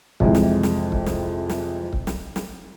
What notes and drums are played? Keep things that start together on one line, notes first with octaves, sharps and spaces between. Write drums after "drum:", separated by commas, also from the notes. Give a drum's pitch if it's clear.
F2 C3 E3 G#3, drum: kick C#1
drum: snare
drum: snare
drum: kick C#1
drum: snare
drum: snare
drum: kick C#1
drum: snare
drum: snare